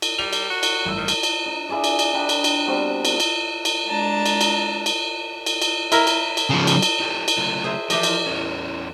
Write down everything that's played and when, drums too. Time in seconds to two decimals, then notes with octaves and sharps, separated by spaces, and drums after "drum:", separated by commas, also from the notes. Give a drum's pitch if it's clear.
0.02 drum: cymbal
0.19 G3 F7
0.33 drum: cymbal
0.50 F#4
0.63 drum: cymbal
0.86 A1 G2 E6
0.97 D#3
1.08 drum: cymbal
1.23 drum: cymbal
1.46 D#4 D#5
1.69 E4 G#4 D5 D#5
1.84 drum: cymbal
1.99 drum: cymbal
2.14 D4 D#4 G5 B5
2.29 drum: cymbal
2.44 drum: cymbal
2.67 G3 B3 C4 F#4
3.05 drum: cymbal
3.20 drum: cymbal
3.65 drum: cymbal
3.86 G#3 D4 A5 A#5
4.26 drum: cymbal
4.41 drum: cymbal
4.86 drum: cymbal
5.46 drum: cymbal
5.62 drum: cymbal
5.92 E4 A#4 A#5, drum: cymbal
6.07 drum: cymbal
6.37 drum: cymbal
6.50 C#3 F3
6.67 drum: cymbal
6.82 drum: cymbal
7.00 D#4 G4 A4
7.28 drum: cymbal
7.38 C#3 F#3 A3
7.64 G#4 C5 E5
7.90 E3 F3 G4 D#5, drum: cymbal
8.03 drum: cymbal
8.26 E2 C#4